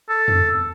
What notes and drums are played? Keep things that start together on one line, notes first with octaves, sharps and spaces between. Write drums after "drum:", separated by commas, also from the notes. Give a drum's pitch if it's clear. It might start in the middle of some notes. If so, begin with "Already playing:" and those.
A4
drum: tom